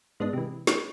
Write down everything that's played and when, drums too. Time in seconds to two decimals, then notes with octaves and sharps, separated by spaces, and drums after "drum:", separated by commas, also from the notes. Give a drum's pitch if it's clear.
0.20 G#2 G#3 B3 D4 D#5
0.33 C3 E3
0.67 drum: snare